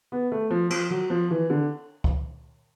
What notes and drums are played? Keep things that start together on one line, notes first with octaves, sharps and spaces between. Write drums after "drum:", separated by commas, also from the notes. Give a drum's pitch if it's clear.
B3
A3
F3
F3, drum: cymbal
F#3
F3
E3
D3
drum: kick C#2